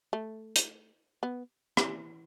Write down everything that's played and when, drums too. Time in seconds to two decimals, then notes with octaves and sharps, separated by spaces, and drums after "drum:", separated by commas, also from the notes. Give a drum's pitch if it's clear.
0.13 A3
0.56 drum: hi-hat
1.23 B3
1.77 E3, drum: rim click